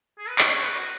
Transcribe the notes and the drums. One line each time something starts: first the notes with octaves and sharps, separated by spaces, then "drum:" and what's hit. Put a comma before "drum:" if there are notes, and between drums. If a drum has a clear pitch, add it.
G#4
B4
C#5, drum: clap
C#5
B4
F#4